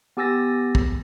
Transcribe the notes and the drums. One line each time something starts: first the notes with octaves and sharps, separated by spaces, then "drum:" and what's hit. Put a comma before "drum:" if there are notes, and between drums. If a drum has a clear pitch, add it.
B3 G4 G#5 E6 A6 A#6
drum: kick